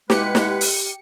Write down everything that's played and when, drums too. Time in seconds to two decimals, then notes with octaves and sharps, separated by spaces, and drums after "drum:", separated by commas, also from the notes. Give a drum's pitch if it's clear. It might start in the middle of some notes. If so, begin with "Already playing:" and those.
0.10 B2 G#3 G4 B4 C#7, drum: snare
0.35 drum: snare
0.61 drum: open hi-hat